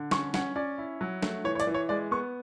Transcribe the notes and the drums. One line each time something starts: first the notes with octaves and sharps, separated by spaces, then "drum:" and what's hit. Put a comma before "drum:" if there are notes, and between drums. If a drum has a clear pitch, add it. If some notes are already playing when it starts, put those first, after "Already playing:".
Already playing: D3
C#4 C#6, drum: snare
C#4 F#5, drum: snare
C#4 D5
E4
F#3
A3, drum: snare
E3 C#5
C#5
D5, drum: hi-hat
E3
C#5
G#3 D5
B3 C#6